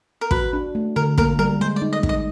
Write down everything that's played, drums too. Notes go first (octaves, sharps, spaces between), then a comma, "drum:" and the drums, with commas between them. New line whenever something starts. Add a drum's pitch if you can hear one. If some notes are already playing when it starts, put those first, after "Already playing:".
A#4
F#4 B4, drum: kick
D4
A3
D3 A#4
A#3 A#4, drum: kick
G3 A#4
G#3 C5
D5
D#4
D#5
D#4, drum: kick
D#5